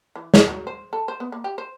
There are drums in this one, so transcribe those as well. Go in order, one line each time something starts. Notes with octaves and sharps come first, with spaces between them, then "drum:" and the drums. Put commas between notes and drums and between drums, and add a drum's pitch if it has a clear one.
E3
F3, drum: snare
F#3
C5
A4
C5
B3
A#3
G4
C5